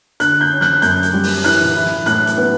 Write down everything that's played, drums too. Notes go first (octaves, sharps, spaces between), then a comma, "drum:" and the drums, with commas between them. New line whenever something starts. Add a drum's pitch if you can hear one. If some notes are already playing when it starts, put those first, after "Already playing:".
D3 F#6, drum: hi-hat
G6
C#4
F#6, drum: snare
F#2 G6, drum: hi-hat
drum: hi-hat
G3
drum: open hi-hat
E3 F#6, drum: hi-hat
drum: tom A2
E4
drum: snare
A2 F#6, drum: hi-hat
drum: hi-hat
B3